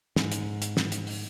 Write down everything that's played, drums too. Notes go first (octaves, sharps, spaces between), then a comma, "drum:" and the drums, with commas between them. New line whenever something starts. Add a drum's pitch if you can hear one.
G#2, drum: snare
drum: hi-hat
drum: hi-hat
drum: snare
drum: hi-hat
drum: open hi-hat